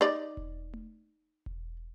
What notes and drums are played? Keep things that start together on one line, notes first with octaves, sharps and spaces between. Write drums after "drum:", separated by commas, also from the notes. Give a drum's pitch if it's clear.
D#4 D5
drum: kick E1
drum: tom A3
drum: kick E1